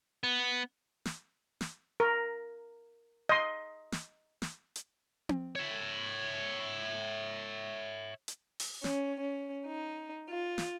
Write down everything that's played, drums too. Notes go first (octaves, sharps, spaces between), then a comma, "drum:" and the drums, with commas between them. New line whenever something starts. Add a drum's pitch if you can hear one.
B3
drum: snare
drum: snare
A#4
D#5 C6
drum: snare
drum: snare
drum: hi-hat
drum: tom C4
C#5 E5
drum: hi-hat
drum: open hi-hat
C#4, drum: snare
C#4
D#4
F4
drum: snare